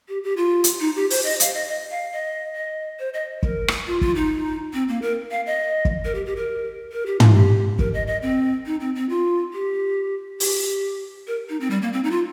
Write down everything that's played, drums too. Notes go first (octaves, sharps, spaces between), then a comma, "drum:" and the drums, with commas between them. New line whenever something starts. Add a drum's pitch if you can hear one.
G4
G4
F4
drum: hi-hat
D#4
G4
C5, drum: open hi-hat
D#5
F5, drum: hi-hat
D#5
D#5
F5
D#5
D#5
C5
D#5
A#4, drum: kick
drum: rim click
F4
F4, drum: kick
D#4
C4
A#3
A#4
F5
D#5
drum: kick
A#4
G4
G4
A#4
A#4
G4
F4, drum: tom
G4
A#4, drum: kick
D#5
D#5
C4
D#4
C4
C4
F4
G4
G4, drum: open hi-hat
A#4
D#4
C4
G3
A#3
C4
D#4
F4